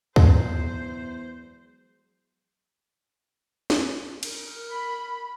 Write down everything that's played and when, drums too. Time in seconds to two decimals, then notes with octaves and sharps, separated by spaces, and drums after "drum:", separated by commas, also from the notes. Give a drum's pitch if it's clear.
0.16 E2 F3 F#3 G#3 C5, drum: kick D2
3.70 drum: snare
4.23 A#4, drum: cymbal
4.70 B5